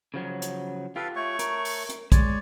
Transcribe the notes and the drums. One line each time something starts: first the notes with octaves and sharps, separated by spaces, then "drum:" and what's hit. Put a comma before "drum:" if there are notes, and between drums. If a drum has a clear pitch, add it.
C#3 F3 F#3
drum: hi-hat
F4 G4 A4 B4 F5
A3 C#5 C#6
A#4, drum: hi-hat
drum: open hi-hat
drum: hi-hat
G#3 C#5 D5, drum: kick, hi-hat